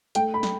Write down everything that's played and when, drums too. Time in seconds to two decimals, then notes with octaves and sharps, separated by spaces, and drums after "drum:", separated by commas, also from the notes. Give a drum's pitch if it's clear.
0.15 A3 G5, drum: hi-hat
0.34 B5
0.43 drum: snare